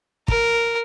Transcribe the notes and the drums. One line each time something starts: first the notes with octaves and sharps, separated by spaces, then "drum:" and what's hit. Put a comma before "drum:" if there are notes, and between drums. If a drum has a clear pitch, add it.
A#4, drum: kick